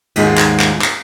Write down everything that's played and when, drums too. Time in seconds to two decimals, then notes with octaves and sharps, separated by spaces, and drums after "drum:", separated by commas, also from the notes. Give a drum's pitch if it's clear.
0.16 D#2 G#2 G#3 D#4 F4 G#4, drum: cymbal
0.38 drum: clap
0.60 drum: clap
0.82 drum: clap